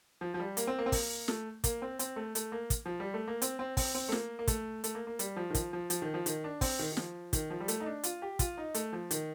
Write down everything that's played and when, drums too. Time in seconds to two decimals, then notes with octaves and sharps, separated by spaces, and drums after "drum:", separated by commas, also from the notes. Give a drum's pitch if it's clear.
0.21 F3
0.34 F3
0.40 G3
0.57 A#3, drum: hi-hat
0.67 C4
0.79 A#3
0.86 C4
0.92 A#3, drum: kick, open hi-hat
1.28 A3, drum: snare
1.64 A#3, drum: kick, hi-hat
1.82 C4
1.99 C4, drum: hi-hat
2.16 A3
2.35 A3, drum: hi-hat
2.52 A#3
2.70 drum: kick, hi-hat
2.86 F3
3.00 G3
3.14 A3
3.28 A#3
3.42 C4, drum: hi-hat
3.59 C4
3.77 C4, drum: kick, open hi-hat
3.95 C4
4.09 A3
4.12 A#3, drum: snare
4.39 A#3
4.47 A3, drum: kick, hi-hat
4.84 A3, drum: hi-hat
4.95 A#3
5.07 A#3
5.19 G3, drum: hi-hat
5.36 F3
5.50 D#3
5.55 F3, drum: kick, hi-hat
5.73 F3
5.90 F3, drum: hi-hat
6.02 D#3
6.14 F3
6.26 D#3, drum: hi-hat
6.44 D4
6.61 C4, drum: kick, open hi-hat
6.79 D#3
6.92 D#3
6.97 F3, drum: snare
7.33 D#3, drum: kick, hi-hat
7.50 F3
7.60 G3
7.68 A3, drum: hi-hat
7.80 D#4
7.86 D4
8.04 F4, drum: hi-hat
8.22 G4
8.39 F4, drum: kick, hi-hat
8.58 D#4
8.74 A3, drum: hi-hat
8.93 F3
9.11 D#3, drum: hi-hat